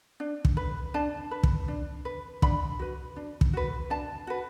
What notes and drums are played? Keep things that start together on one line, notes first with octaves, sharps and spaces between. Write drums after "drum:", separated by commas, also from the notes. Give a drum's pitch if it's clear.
D4
drum: kick
B4
D4 A5
B4
drum: kick
D4
B4
D4 B5, drum: kick
F#4 B4
D4
drum: kick
F#4 B4
D4 A5
F#4 B4